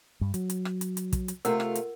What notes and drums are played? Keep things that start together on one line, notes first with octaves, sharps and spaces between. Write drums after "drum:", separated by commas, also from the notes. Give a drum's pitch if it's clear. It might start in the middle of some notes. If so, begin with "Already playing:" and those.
G2
F#3, drum: hi-hat
drum: hi-hat
drum: rim click
drum: hi-hat
drum: hi-hat
drum: kick, hi-hat
drum: hi-hat
C3 A3 F4 A#4 F#5, drum: hi-hat
drum: rim click
drum: hi-hat